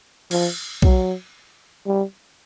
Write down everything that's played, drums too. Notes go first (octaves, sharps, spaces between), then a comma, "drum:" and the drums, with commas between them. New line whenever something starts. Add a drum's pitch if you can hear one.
F3, drum: cymbal
F#3, drum: kick
G3